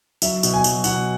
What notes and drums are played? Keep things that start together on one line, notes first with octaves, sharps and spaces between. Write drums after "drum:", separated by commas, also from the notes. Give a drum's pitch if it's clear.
F#3 E5, drum: tambourine
B2, drum: tambourine
G#5
F#3, drum: tambourine
B2 F#5, drum: tambourine